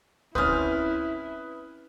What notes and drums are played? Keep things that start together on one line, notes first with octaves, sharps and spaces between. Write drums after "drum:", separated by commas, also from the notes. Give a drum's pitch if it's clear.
C4 C#4 E4 B4 D#6 F6, drum: kick